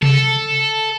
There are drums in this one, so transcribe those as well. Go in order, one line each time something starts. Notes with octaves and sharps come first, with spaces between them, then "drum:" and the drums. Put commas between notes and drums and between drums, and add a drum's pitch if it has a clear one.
A4, drum: tom C3